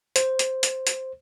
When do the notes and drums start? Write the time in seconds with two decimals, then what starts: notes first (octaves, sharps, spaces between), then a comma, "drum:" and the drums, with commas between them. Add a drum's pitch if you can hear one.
0.16 C5, drum: hi-hat
0.39 drum: hi-hat
0.63 drum: hi-hat
0.87 drum: hi-hat